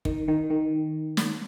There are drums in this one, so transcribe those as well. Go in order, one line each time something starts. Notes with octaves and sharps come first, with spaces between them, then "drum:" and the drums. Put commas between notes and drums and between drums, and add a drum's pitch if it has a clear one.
D#3, drum: kick
D#3
D#3
drum: snare